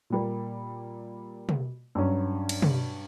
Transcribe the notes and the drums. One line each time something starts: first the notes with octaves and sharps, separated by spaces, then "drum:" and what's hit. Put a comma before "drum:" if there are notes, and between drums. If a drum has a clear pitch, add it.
A#2 G3 A#3
drum: tom
G2 F#3 C#4
drum: cymbal
drum: tom